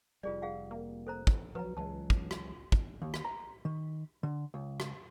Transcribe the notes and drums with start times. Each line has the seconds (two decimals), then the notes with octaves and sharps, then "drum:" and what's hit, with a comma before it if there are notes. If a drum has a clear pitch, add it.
0.23 F1 G3 F4 G#4 D5
0.42 G#4 F5 F#5
0.71 A#3
1.07 A4 C5 A#5
1.27 drum: kick
1.55 F3 F#3 B4 A#5
1.77 C#2 E3 F#3 G#3 A5
2.10 drum: kick
2.31 drum: rim click
2.72 drum: kick
3.02 D#2
3.14 drum: rim click
3.25 A#5
3.65 D#3
4.23 D3
4.54 C#2
4.80 drum: rim click